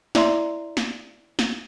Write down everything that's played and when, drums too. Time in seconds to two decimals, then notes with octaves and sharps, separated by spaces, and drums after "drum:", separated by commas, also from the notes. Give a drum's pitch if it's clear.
0.15 E4 D5 E5 A#5 C6, drum: snare
0.77 drum: snare
1.39 drum: snare